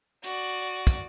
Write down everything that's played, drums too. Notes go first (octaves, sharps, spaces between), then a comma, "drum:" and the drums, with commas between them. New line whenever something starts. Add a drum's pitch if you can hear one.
F#4 D5, drum: hi-hat
drum: kick, hi-hat